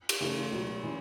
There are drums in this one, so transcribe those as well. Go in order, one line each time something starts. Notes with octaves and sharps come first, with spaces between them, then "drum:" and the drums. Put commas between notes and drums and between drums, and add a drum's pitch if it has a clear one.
drum: cymbal
C#3 E3 A3 C#4
C#2 B2 F#3
E3 C#4